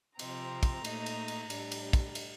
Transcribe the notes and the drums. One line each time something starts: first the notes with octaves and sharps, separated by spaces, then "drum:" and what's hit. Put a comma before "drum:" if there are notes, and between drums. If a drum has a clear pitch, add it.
C3 F3 C4 A#5, drum: cymbal
drum: kick, cymbal
A#2 A3 D#4, drum: cymbal
drum: cymbal
drum: cymbal
A2 G3 D4, drum: cymbal
drum: cymbal
drum: kick, cymbal
drum: cymbal